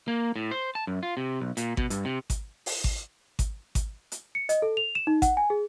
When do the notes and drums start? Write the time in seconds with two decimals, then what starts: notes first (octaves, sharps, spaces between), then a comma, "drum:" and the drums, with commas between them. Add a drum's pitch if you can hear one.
0.08 A#3
0.36 A2
0.51 C5
0.75 A5
0.87 F#2
1.03 F4
1.17 C3
1.40 B1
1.57 A#2, drum: hi-hat
1.77 B2, drum: kick G#1
1.90 G2, drum: hi-hat
2.05 C3
2.30 drum: kick G#1, hi-hat
2.66 drum: open hi-hat
2.84 drum: kick G#1
3.39 drum: kick G#1, hi-hat
3.75 drum: kick G#1, hi-hat
4.12 drum: hi-hat
4.35 C#7
4.49 D#5, drum: hi-hat
4.62 A4
4.77 F7
4.95 E7
5.07 D#4
5.22 F#5, drum: kick G#1, hi-hat
5.37 G#5
5.50 G#4